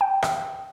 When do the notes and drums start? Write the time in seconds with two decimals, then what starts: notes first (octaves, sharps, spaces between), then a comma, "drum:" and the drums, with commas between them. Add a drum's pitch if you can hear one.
0.01 G5
0.22 drum: rim click